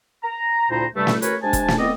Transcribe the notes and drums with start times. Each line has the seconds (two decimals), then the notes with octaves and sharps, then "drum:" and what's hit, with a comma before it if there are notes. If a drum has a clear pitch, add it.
0.24 A#5
0.71 D2 A#2 E4 C5 A#5
0.96 G2 C3 G3 A3
1.07 drum: snare
1.22 C#4 F#4 A#4 B4 C#5, drum: hi-hat
1.43 C3 G#3 D4 G#5 A5
1.53 drum: kick E1, hi-hat
1.68 drum: snare
1.79 E3 B3 C4 D5 D#5